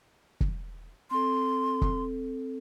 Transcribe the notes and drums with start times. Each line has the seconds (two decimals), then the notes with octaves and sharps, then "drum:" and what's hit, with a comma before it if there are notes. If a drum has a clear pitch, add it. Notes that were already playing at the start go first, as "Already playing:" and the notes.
0.41 drum: kick
1.11 C4 A4 C6
1.82 drum: kick